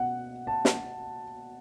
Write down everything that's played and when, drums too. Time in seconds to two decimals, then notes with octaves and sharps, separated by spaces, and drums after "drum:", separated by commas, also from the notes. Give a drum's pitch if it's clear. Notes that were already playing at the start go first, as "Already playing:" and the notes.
Already playing: B2 F#5
0.47 A5
0.65 drum: snare